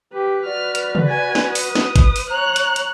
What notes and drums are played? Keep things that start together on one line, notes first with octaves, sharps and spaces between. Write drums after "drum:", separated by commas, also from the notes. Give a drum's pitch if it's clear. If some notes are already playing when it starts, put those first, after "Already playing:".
G4 B4
F#4 D5 F6
drum: hi-hat
drum: tom
G#5
drum: snare
D#6, drum: open hi-hat
drum: snare
drum: kick, hi-hat
drum: open hi-hat
C#5 A#5 F#6
drum: hi-hat
drum: hi-hat